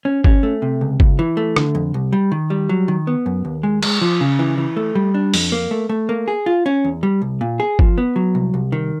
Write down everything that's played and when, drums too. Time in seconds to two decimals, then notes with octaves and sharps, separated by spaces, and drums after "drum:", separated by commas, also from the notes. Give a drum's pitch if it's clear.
0.05 C#4
0.24 C#4, drum: kick G1
0.43 A3
0.62 C3
0.81 C#2
1.00 C#2, drum: kick G1
1.19 E3
1.37 A3
1.56 D3, drum: rim click
1.75 F2
1.94 C2
2.13 G3
2.32 D#3
2.50 G3
2.69 F#3
2.88 D#3
3.07 B3
3.26 F#2
3.45 D#2
3.63 G#3
3.83 G#3, drum: cymbal
4.01 F3
4.21 C#3
4.39 E3
4.58 E3
4.77 A3
4.95 G3
5.14 D4
5.34 F2, drum: open hi-hat
5.52 A#3
5.71 A3
5.89 A3
6.09 A#3
6.28 G#4
6.46 F4
6.66 C#4
6.84 E2
7.03 G3
7.22 C2
7.41 A#2
7.60 G#4
7.79 F3, drum: kick G1
7.98 B3
8.16 F#3
8.35 C2
8.54 C2
8.72 D#3